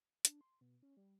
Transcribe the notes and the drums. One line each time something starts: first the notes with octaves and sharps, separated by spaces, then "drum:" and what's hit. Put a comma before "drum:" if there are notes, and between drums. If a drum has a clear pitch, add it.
D4, drum: hi-hat
C6
B2
C#4
G3